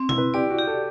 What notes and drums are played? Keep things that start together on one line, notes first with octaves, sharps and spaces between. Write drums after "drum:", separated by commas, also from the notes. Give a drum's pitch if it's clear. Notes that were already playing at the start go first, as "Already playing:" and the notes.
Already playing: C4
E4, drum: tom B2
B4
G4 D5
F#4
G4
A4